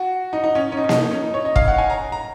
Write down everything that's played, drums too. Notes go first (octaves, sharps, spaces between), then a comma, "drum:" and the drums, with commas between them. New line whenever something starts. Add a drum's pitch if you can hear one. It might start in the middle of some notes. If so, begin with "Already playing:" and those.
Already playing: F#4
D#4
D#4
C#4
C#4
D#4
C#4
D#4, drum: snare A#3
D#4
C#4
D#4
C#5
D#5
F5, drum: kick
F#5
G#5
A#5
A#5